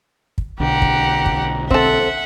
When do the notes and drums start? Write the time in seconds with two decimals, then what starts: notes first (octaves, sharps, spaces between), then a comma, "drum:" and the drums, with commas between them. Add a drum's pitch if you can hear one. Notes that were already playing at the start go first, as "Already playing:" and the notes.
0.38 drum: kick
0.60 B1 D3 G4 F#5 A#5
0.82 drum: kick
1.26 drum: kick
1.71 C4 A4 E5 F#5, drum: kick